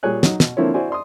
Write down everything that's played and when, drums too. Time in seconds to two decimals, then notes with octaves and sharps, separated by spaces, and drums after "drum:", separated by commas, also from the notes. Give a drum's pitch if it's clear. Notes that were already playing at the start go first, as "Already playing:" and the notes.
0.03 A#2 G3 G#4 C#5 G#5 F#6
0.23 F#3 D#4, drum: snare
0.40 B2, drum: snare
0.57 D3 F3 A#3 C4 E4 C#5
0.74 E4 F#4 C5 D5 G#5
0.90 D5 C6 D#6